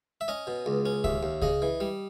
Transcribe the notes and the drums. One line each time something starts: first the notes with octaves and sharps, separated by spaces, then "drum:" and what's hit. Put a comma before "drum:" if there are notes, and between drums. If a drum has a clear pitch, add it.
E5
C#4 D#5
B2
C#2
C#4
D#2 E5, drum: kick C#2
D#2
C#3 D#5, drum: kick C#2
E3
G3